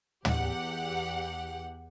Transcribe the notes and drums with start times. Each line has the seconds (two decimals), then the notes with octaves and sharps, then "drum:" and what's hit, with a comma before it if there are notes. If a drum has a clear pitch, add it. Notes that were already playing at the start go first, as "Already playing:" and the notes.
0.25 E2 G4 F#5, drum: tom